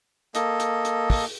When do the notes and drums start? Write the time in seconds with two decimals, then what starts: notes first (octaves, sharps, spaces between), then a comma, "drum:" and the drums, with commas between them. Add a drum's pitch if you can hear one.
0.35 A#3 A4 D#5, drum: hi-hat
0.60 drum: hi-hat
0.85 drum: hi-hat
1.10 drum: kick, open hi-hat